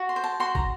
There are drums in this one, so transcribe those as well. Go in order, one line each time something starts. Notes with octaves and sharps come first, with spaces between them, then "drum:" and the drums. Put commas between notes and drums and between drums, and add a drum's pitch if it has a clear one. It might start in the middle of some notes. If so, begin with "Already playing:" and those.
Already playing: F#4
C6
C5
A5
F#4 C6
A#5, drum: kick